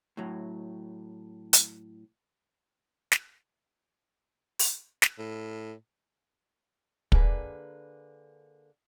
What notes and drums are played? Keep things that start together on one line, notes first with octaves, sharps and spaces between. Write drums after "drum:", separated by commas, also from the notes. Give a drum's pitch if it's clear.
A2 F#3
drum: hi-hat
drum: snare
drum: open hi-hat
drum: snare
A2
D3 A#3 G#4 B4, drum: kick